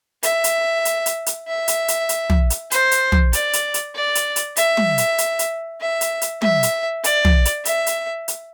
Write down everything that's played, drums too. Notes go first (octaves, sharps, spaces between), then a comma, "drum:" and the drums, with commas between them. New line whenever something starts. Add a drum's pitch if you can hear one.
E5, drum: hi-hat
drum: hi-hat
drum: hi-hat
drum: hi-hat
drum: hi-hat
E5
drum: hi-hat
drum: hi-hat
drum: hi-hat
drum: tom
drum: hi-hat
C5, drum: hi-hat
drum: hi-hat
drum: tom
D5, drum: hi-hat
drum: hi-hat
drum: hi-hat
D5
drum: hi-hat
drum: hi-hat
E5, drum: hi-hat
drum: tom
drum: hi-hat
drum: hi-hat
drum: hi-hat
E5
drum: hi-hat
drum: hi-hat
E5, drum: tom
drum: hi-hat
D5, drum: hi-hat
drum: tom
drum: hi-hat
E5, drum: hi-hat
drum: hi-hat
drum: hi-hat